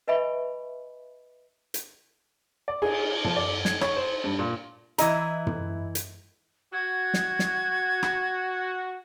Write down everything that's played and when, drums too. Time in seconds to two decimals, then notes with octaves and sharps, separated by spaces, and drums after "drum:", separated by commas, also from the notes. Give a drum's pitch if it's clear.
0.08 B4 D#5 E5 G#5 B5 C#6
1.74 drum: hi-hat
2.68 D5
2.82 G#4, drum: cymbal
3.24 F3, drum: tom
3.37 D5
3.65 G#6, drum: snare
3.81 C#5, drum: rim click
3.97 C5
4.24 G2
4.39 A#2
4.98 E3 E4 D#5 A#5, drum: hi-hat
5.47 drum: tom
5.95 drum: hi-hat
6.73 F#4 G#6
7.14 drum: snare
7.39 drum: snare
8.03 drum: rim click